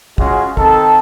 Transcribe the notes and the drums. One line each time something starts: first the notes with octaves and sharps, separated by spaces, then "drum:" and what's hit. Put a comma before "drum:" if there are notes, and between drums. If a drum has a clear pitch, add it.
G#3 C#4 F4 F#4 G#4, drum: kick
D#3 C4 A4, drum: kick